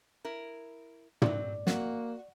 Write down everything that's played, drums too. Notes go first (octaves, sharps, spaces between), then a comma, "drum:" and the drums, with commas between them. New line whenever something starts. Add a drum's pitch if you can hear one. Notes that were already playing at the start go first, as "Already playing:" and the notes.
E4 A#4
F#3 C4 D5, drum: tom
A#3 F#4, drum: snare